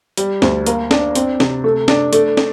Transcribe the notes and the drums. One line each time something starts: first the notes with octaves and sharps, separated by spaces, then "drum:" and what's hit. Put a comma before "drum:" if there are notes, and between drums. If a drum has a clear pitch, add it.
G3, drum: hi-hat
D2, drum: snare
A#3, drum: hi-hat
D4, drum: snare
C4, drum: hi-hat
C3, drum: snare
A3
D4, drum: snare
A3, drum: hi-hat
drum: snare